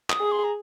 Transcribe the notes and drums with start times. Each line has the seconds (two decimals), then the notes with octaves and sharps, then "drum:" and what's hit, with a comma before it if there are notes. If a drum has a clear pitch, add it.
0.10 D#6, drum: clap
0.20 G#4
0.32 C6
0.44 A#5